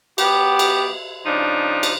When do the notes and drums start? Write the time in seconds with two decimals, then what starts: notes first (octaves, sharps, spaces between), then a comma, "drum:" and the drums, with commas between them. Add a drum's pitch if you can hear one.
0.18 F#3 B3 G4, drum: cymbal
0.59 drum: cymbal
1.25 C#3 F3 D4 D#4
1.83 drum: cymbal